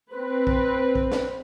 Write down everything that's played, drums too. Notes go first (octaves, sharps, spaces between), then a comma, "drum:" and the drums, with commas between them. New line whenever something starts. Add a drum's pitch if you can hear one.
C4 B4
drum: kick
drum: kick
drum: snare